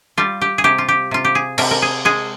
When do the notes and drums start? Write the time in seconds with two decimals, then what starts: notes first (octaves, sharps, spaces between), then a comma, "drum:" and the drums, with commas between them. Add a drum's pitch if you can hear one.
0.18 G3 F4
0.41 G4
0.58 G#4
0.64 C3 G4
0.78 F4
0.88 G4
1.11 C3 F4
1.24 G4
1.35 G#4
1.58 C3 A#4, drum: cymbal
1.71 A#4
1.82 G#4
2.05 G#3 G#4